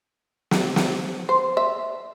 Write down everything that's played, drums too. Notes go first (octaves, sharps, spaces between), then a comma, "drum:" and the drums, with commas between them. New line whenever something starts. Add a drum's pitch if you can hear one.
drum: snare
drum: snare
C5
E5